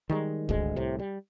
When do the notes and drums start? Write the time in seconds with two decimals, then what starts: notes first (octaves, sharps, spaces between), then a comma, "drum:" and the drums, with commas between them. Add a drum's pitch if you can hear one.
0.10 D#3 G3 G#3
0.49 G#1 D2 G#3, drum: kick
0.76 C2 A2 C3
0.99 G3